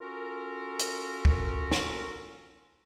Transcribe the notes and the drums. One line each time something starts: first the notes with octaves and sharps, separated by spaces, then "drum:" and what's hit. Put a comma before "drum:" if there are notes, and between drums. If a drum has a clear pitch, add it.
C#4 F4 F#4 A4 A#4
drum: hi-hat
drum: kick
drum: snare